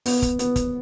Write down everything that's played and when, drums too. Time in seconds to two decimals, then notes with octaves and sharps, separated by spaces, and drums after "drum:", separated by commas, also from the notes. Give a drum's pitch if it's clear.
0.06 B3, drum: open hi-hat
0.22 drum: kick, hi-hat
0.39 B3, drum: hi-hat
0.56 drum: kick, hi-hat